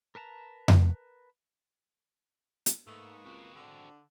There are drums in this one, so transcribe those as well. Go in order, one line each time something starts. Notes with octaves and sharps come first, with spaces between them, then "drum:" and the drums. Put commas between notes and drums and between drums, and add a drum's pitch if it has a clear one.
A#4 B4 A5 A#5
drum: tom F2
drum: hi-hat
G#2 A3 A#3 B4 C#6 D#6
C#2 C4 F#4
D3 D4